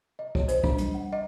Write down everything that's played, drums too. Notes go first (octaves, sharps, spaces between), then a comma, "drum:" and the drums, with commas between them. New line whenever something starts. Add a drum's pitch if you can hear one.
D#5
C#5, drum: kick
C5, drum: hi-hat
D4, drum: kick
G3, drum: hi-hat
F#5
D#5